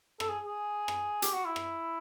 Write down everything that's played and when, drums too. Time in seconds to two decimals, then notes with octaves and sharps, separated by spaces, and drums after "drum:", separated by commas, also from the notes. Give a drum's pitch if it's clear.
0.20 A4, drum: rim click
0.29 G#4
0.46 G#4
0.88 drum: rim click
1.22 G4, drum: hi-hat
1.33 F#4
1.45 E4
1.56 drum: rim click